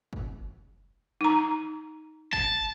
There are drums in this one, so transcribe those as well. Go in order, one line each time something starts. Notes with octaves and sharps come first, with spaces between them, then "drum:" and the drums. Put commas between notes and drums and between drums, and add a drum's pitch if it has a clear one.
drum: kick
D#4 A#5, drum: tom D#3
A5, drum: kick